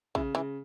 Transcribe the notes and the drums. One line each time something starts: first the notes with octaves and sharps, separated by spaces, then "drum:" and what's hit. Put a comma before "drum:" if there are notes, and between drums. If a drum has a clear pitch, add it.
C#3 E3, drum: kick
C#3 E3